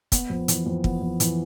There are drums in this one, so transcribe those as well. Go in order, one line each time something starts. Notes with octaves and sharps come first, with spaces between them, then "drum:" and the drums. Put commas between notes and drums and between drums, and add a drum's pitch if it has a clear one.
B3, drum: kick, hi-hat
F2
E3, drum: hi-hat
F2
B3, drum: kick
F2
E3, drum: hi-hat